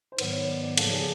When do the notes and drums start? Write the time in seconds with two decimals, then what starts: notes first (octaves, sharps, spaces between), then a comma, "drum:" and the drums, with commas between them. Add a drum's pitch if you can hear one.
0.12 C5
0.18 G#2 D#3 F#3 B3 B4, drum: cymbal
0.33 C#5
0.48 D5
0.63 D5
0.77 C#3 F3 A#3 A4, drum: cymbal
0.93 G#4